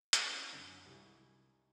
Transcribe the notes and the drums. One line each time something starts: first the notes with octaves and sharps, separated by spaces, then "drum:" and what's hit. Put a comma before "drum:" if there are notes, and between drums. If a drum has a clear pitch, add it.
drum: hi-hat
C4 C#4 E4 F#4
F#2 D3 F#3
C2 D#3 G3 G#3 E4